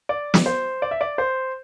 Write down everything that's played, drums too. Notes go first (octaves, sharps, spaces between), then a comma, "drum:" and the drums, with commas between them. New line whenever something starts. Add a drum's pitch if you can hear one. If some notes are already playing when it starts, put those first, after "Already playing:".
D5
drum: snare
C5
D5
E5
D5
C5